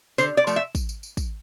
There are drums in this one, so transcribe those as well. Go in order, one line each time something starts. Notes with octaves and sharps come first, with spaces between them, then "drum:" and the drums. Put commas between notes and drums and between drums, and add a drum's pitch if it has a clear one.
D3 C5, drum: tambourine
D5
F3 A3, drum: tambourine
E5
drum: kick, tambourine
drum: tambourine
drum: tambourine
drum: kick, tambourine